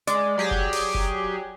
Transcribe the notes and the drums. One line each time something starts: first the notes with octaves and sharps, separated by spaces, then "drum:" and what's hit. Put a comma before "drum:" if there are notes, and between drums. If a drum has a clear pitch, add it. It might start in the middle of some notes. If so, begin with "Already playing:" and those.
G#3 D5, drum: hi-hat
F#3 G4 G#4
drum: kick F1
drum: open hi-hat
drum: kick F1